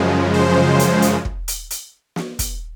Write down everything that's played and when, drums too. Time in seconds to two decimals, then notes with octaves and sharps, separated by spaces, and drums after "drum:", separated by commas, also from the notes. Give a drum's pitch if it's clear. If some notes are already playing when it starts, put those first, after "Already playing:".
Already playing: F#2 C#3 F3 G#3
0.34 C5
0.79 drum: hi-hat
1.02 drum: hi-hat
1.25 drum: kick
1.48 drum: hi-hat
1.70 drum: hi-hat
2.16 drum: snare
2.39 drum: kick, hi-hat